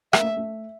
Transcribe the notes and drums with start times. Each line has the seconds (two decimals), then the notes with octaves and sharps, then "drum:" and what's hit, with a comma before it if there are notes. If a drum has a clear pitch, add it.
0.13 A#3 E5, drum: rim click
0.21 A3
0.37 A3